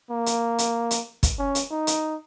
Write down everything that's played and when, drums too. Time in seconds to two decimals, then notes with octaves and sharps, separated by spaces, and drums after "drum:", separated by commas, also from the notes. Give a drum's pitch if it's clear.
0.11 A#3
0.26 drum: hi-hat
0.58 drum: hi-hat
0.91 drum: hi-hat
1.23 drum: kick, hi-hat
1.39 C#4
1.55 drum: hi-hat
1.71 D#4
1.87 drum: hi-hat